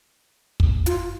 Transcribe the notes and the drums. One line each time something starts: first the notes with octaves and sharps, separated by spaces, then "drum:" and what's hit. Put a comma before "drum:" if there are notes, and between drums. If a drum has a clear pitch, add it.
drum: kick
F4, drum: hi-hat